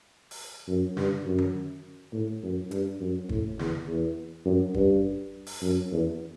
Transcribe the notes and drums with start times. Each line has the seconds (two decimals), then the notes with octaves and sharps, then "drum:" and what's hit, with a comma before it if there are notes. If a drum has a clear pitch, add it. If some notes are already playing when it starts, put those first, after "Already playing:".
0.31 drum: open hi-hat
0.68 F#2
0.97 G2, drum: snare
1.26 F#2
1.38 drum: tom D#3
2.13 A2
2.43 F#2
2.71 G2, drum: hi-hat
3.01 F#2
3.29 A2, drum: kick
3.59 E2, drum: snare
3.87 E2
4.45 F#2
4.74 G2, drum: kick
5.46 drum: open hi-hat
5.62 F#2
5.92 E2